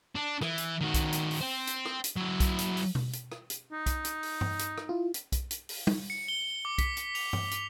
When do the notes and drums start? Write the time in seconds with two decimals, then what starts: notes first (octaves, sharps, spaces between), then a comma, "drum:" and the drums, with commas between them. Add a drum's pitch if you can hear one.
0.16 D4
0.42 E3, drum: rim click
0.58 drum: hi-hat
0.81 D#3 F#4
0.94 drum: kick B1, hi-hat
1.12 drum: hi-hat
1.31 drum: open hi-hat
1.41 C5 G5
1.67 drum: hi-hat
1.86 drum: rim click
2.04 drum: hi-hat
2.16 F#3 E4
2.40 drum: kick B1, hi-hat
2.59 drum: hi-hat
2.77 drum: open hi-hat
2.95 drum: tom B2
3.13 drum: hi-hat
3.32 drum: rim click
3.50 drum: hi-hat
3.72 D#4
3.86 drum: kick B1, hi-hat
4.05 drum: hi-hat
4.23 drum: open hi-hat
4.41 drum: tom G2
4.59 drum: hi-hat
4.78 drum: rim click
4.89 E4 F4
5.14 drum: hi-hat
5.32 drum: kick B1, hi-hat
5.51 drum: hi-hat
5.69 drum: open hi-hat
5.87 drum: tom
6.10 C#7
6.28 G7
6.65 D6
6.78 B6, drum: kick B1, hi-hat
6.97 drum: hi-hat
7.15 F7, drum: open hi-hat
7.33 drum: tom G2
7.51 drum: hi-hat